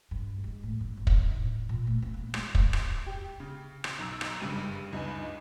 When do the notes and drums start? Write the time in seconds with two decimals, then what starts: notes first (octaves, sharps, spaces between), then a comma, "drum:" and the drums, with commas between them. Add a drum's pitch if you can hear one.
0.11 G2
0.44 G#3
0.63 A2
0.81 G2
0.97 F#1
1.07 drum: kick
1.20 D#4
1.36 A2
1.69 A#2
1.87 A3
2.02 C#4
2.14 A#3
2.34 G#3, drum: rim click
2.55 drum: kick
2.73 drum: rim click
3.06 G4
3.40 C#3
3.84 drum: rim click
3.99 B1 A#5 E6
4.21 drum: rim click
4.39 F#1 G2 C#3 G3 D#7 F#7
4.93 C#2 G2 D#4 B4 G#5